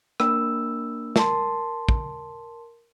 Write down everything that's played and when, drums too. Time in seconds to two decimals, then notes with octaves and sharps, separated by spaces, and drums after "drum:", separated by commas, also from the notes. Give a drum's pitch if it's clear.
0.20 A#3 D4 A#4 G5 B5 E6, drum: rim click
1.16 A#4 A5 C6, drum: snare
1.89 drum: kick